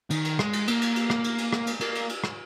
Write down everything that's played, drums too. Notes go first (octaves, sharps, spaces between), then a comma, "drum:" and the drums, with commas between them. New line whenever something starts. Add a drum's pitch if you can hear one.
D#3, drum: cymbal
drum: cymbal
G#3, drum: rim click
drum: cymbal
A#3, drum: cymbal
drum: cymbal
drum: cymbal
drum: rim click
drum: cymbal
drum: cymbal
drum: rim click
drum: cymbal
A#3, drum: cymbal
drum: cymbal
drum: cymbal
drum: rim click